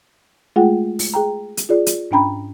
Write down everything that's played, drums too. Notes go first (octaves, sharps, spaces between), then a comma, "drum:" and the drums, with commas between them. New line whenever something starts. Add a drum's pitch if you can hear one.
G#3 A3 F4 G#4 F#5 G5
drum: open hi-hat
G#4 G5 A#5
drum: hi-hat
F4 G#4 D5
drum: hi-hat
G#2 C#4 D4 G5 A#5 B5